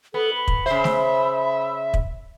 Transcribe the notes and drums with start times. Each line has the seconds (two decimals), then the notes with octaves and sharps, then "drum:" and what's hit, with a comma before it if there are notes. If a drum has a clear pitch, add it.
0.14 B3 A4
0.35 B5
0.48 drum: kick
0.66 C#3 C5 E5
0.84 drum: snare A3
1.94 drum: kick